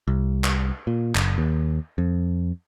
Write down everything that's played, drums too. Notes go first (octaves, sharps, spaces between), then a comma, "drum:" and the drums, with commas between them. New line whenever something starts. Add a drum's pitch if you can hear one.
C2
drum: clap
A#2
F#1, drum: clap
D#2
F2